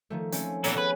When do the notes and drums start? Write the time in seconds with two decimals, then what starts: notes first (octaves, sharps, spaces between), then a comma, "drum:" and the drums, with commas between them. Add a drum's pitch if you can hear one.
0.10 D#3 F3 A3
0.32 A3 C4 C#4, drum: hi-hat
0.64 A#2 E3 B3 A4 C#5, drum: hi-hat
0.78 G#4 B4